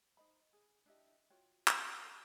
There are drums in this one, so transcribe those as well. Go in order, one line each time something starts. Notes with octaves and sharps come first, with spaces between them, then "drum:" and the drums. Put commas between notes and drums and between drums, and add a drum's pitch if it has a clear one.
D#4 C5 D#5 B5
G#4
D4 E4 G4 D#5
F4 F#4 C#5 G5
drum: clap
A4 A#4